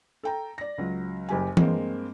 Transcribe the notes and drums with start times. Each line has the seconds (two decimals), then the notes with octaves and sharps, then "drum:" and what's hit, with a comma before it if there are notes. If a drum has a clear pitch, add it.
0.23 A4 G5 A#5
0.58 D5 A#6
0.78 C#2 F#3
1.29 F#1 G4 G#5
1.57 G2 G#3 A#3 C4, drum: tom E3